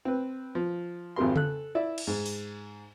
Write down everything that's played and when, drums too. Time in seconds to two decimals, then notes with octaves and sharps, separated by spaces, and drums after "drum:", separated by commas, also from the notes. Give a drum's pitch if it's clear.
0.05 C4 B4
0.55 F3
1.16 G#1 F2 C3 G4 A#4 C6
1.36 A4 F#6, drum: tom C#3
1.75 E4 D5 E5
1.98 drum: cymbal
2.07 G#2
2.26 drum: open hi-hat